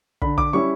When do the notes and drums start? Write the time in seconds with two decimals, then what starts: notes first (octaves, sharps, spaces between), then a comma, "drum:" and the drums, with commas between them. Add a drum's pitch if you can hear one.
0.22 D3 B5, drum: kick
0.38 D6, drum: kick
0.53 G3 C#4 E4 C#6